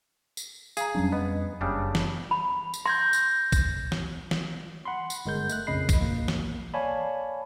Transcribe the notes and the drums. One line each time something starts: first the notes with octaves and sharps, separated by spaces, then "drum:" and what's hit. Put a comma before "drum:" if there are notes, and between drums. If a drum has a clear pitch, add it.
drum: tambourine
G#4 F5 A#5, drum: tambourine
F2 F#3 G3 C#4 D4
B3 D#5
F#1 C#3 G3 D4
drum: snare
B5
drum: tambourine
C6 G6 G#6 A#6
drum: tambourine
drum: kick, tambourine
drum: snare
drum: snare
F#5 B5 C6
drum: tambourine
G1 G#3 A#4 G6
A3 F#6, drum: tambourine
A#1 F2 C#3 D#5 B5 C7
drum: kick, tambourine
A#1 A#3
drum: snare
C#5 D5 F5 G#5 A5 B5